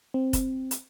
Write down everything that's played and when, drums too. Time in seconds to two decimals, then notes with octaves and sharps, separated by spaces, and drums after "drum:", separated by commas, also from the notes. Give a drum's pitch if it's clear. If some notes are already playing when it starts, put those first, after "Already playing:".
0.14 C4
0.33 drum: kick F1, hi-hat
0.71 drum: hi-hat